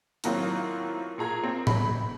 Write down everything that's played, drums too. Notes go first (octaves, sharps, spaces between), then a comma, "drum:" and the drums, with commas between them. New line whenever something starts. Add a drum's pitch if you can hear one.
A2 D#3 F#3 A#3 C4 F4, drum: hi-hat
A#2 G#4 A#5 G#6
A#3 C4
B5, drum: tom A2